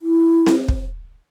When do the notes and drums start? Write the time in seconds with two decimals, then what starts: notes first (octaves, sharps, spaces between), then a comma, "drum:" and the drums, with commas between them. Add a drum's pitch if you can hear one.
0.02 E4
0.46 drum: snare C4
0.68 drum: kick